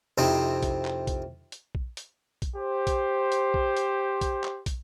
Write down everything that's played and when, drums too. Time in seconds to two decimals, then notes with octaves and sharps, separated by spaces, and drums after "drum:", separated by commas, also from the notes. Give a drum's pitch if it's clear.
0.18 F2 C3 C4 D#4 E4
0.63 drum: kick, hi-hat
0.85 drum: clap
1.07 drum: kick, hi-hat
1.52 drum: hi-hat
1.75 drum: kick
1.97 drum: hi-hat
2.42 drum: kick, hi-hat
2.56 G4 C5
2.87 drum: kick, hi-hat
3.32 drum: hi-hat
3.54 drum: kick
3.77 drum: hi-hat
4.21 drum: kick, hi-hat
4.44 drum: clap
4.66 drum: kick, hi-hat